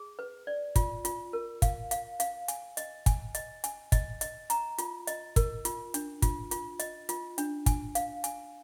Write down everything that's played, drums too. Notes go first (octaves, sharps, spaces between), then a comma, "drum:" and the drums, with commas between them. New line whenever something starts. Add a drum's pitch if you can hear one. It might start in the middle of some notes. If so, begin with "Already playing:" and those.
Already playing: G#4
B4
D5
F4, drum: kick, hi-hat
F4, drum: hi-hat
A#4
F5, drum: kick, hi-hat
F5, drum: hi-hat
F5, drum: hi-hat
G#5, drum: hi-hat
D#5, drum: hi-hat
G#5, drum: kick, hi-hat
D#5, drum: hi-hat
G#5, drum: hi-hat
D#5, drum: kick, hi-hat
D#5, drum: hi-hat
A#5, drum: hi-hat
F4, drum: hi-hat
D#5, drum: hi-hat
A#4, drum: kick, hi-hat
F4, drum: hi-hat
D4, drum: hi-hat
F4, drum: kick, hi-hat
F4, drum: hi-hat
D#5, drum: hi-hat
F4, drum: hi-hat
D4, drum: hi-hat
G#5, drum: kick, hi-hat
F5, drum: hi-hat
G#5, drum: hi-hat